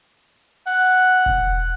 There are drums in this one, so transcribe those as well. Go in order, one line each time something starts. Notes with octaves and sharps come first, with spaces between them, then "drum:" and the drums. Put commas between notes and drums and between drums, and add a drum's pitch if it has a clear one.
F#5, drum: open hi-hat
drum: kick E1